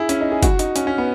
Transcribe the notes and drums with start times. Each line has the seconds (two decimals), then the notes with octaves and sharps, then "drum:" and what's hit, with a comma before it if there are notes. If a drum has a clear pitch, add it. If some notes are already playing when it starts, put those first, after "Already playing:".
Already playing: E4 G#4
0.09 C#4, drum: hi-hat
0.21 D#4
0.32 G#4
0.43 F#4, drum: kick, hi-hat
0.59 D#4, drum: hi-hat
0.76 C#4, drum: hi-hat
0.87 C#4
0.98 B3